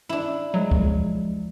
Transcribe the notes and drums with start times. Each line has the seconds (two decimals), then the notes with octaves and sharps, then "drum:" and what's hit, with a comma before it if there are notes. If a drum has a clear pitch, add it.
0.09 D4 E4
0.54 F3 F#3 G#3
0.71 drum: kick D2